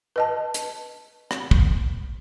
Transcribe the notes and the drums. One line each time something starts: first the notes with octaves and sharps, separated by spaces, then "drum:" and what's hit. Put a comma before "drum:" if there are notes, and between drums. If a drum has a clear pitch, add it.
B4 D#5 A5
drum: hi-hat
drum: rim click
drum: kick